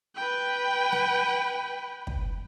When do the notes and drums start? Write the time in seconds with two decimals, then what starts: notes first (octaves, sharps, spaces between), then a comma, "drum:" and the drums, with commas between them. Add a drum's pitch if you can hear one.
0.15 B4 G5
0.92 drum: snare
2.07 drum: kick